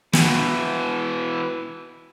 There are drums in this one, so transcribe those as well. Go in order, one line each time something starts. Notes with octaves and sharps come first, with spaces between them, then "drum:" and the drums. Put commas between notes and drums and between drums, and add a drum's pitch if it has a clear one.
B2 E3, drum: snare